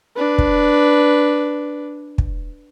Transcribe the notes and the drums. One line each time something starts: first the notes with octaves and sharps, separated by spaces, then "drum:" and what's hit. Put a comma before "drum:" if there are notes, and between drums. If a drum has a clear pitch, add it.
D4 B4
drum: kick
drum: kick